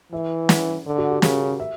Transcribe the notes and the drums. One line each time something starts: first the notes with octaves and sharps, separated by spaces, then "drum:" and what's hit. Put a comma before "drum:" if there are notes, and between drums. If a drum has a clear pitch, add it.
E3 E5
F#5, drum: snare
D3
F#4
G4
C#3 A#4, drum: snare
E5